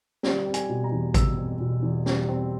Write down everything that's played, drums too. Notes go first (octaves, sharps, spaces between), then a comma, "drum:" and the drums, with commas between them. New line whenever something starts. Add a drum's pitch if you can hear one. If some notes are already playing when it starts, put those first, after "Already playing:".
G3, drum: snare
C4
G#5, drum: hi-hat
B2
A#5
E2
G3 E6, drum: kick, hi-hat
C4
B2
E2
G3, drum: snare
C4